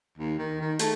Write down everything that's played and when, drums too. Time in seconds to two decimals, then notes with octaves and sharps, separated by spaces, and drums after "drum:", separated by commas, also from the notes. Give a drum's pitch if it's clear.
0.17 D#2
0.38 D#3
0.61 D#3
0.79 A3, drum: hi-hat